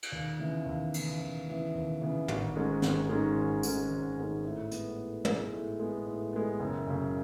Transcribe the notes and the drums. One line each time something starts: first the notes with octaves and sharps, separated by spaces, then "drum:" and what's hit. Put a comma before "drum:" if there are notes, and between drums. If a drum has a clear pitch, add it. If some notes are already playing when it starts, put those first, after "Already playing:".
drum: cymbal
D#2
C#3 E3 B3
D#2
C#3 E3 B3, drum: cymbal
D#2
C#3 E3 B3
D#2
C#3 E3 B3
G#1, drum: tom
G#2 D#3 G#3 C#4
G#1, drum: snare
G#2 D#3 G#3 C#4
G#1
G#2 D#3 G#3 C#4, drum: tambourine
G#1
G#2 D#3 G#3 C#4
A2
G#3 B3, drum: hi-hat
A2
G#3 B3, drum: tom
A2
G#3 B3
A2
G#3 B3
F#1
F#2 C#3